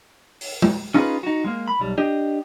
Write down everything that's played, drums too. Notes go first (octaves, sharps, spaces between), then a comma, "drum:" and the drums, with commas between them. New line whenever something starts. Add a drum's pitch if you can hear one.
drum: open hi-hat
drum: tom G#3
C#4 D#4 F4 G4 G#4 B4
D#4 F#4
G#3 A#3
B5
B1 G3
D4 G4 D#5